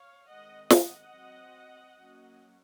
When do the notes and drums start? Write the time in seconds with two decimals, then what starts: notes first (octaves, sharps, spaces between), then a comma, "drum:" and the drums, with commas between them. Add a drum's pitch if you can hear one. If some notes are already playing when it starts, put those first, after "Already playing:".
Already playing: C#5 F5
0.28 D#3 G#3 C4 D#5 F#5
0.70 D#5 F#5, drum: snare
1.13 F#3 C4
1.98 F#3 A#3 C#4